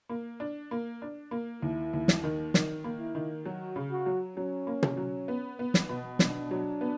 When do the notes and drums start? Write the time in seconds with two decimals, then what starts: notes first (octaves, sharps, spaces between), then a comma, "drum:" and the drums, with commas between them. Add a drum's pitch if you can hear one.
0.09 A#3
0.40 D4
0.71 A#3
1.02 D4
1.31 A#3
1.62 D#2 E4
1.93 D#2
2.08 drum: snare
2.24 D#3
2.54 D#3, drum: snare
2.84 A#3
2.99 E4
3.15 D#3
3.45 F#3 F#4
3.76 C#3
3.91 F#4
4.06 F#3
4.36 F#3 C#4
4.67 A#3
4.83 drum: tom
4.97 F#3
5.28 B3
5.59 B3
5.74 drum: snare
5.89 B2
6.19 B2 D4, drum: snare
6.51 F#3
6.81 B3